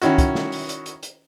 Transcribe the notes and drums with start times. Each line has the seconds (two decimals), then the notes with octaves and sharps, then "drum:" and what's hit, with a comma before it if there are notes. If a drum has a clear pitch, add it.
0.02 D#3 C#4 E4 F#4, drum: hi-hat
0.18 drum: kick, hi-hat
0.35 drum: snare
0.52 drum: open hi-hat
0.69 drum: hi-hat
0.86 drum: hi-hat
1.03 drum: hi-hat